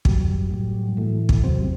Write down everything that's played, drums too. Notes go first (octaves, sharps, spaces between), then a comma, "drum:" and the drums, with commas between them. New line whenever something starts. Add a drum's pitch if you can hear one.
F#2 F#3 G3, drum: kick
A2 F#3
A2 E3 A3
drum: kick
E2 C3 F#3 C4
G3